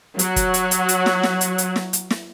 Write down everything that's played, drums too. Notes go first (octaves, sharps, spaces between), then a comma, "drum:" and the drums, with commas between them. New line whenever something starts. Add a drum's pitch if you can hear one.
F#3 F#4, drum: hi-hat
drum: kick, hi-hat
drum: hi-hat
drum: hi-hat
drum: hi-hat
drum: snare
drum: snare
drum: hi-hat
drum: hi-hat
drum: snare
drum: hi-hat
drum: snare